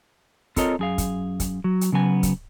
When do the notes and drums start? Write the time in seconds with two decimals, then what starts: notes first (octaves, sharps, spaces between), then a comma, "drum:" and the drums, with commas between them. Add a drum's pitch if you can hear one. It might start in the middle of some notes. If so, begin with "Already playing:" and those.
0.56 C4 F4 A4 A#4 C#5 D#5, drum: kick, hi-hat
0.79 F#2 G#4 F5
0.98 drum: kick, hi-hat
1.40 drum: kick, hi-hat
1.64 F#3
1.81 drum: hi-hat
1.92 C#3 F#3 B3 G#5
2.23 drum: kick, hi-hat